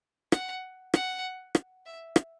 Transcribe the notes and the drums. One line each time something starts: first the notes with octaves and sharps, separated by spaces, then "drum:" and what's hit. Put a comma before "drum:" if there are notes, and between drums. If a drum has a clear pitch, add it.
F#5, drum: rim click
F#5, drum: rim click
drum: rim click
E5
drum: rim click